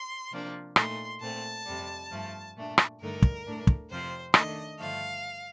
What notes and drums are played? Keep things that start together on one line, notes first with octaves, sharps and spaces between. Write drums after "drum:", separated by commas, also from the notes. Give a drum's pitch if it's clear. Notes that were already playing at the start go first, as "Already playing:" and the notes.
Already playing: C6
C3 F3 A#3 D4
A#2 A3 D#4 C6, drum: rim click
A#2 A3 C4 A5
F2 C3 G3
G2 F3 A3
A#2 A3 D4
drum: rim click
G2 D3 A3 D#4 A#4
drum: kick
A2 A3 D4
drum: kick
F2 C3 F3 C4 C5
D#3 A3 D4 D#5, drum: rim click
G2 D3 F3 A3 F5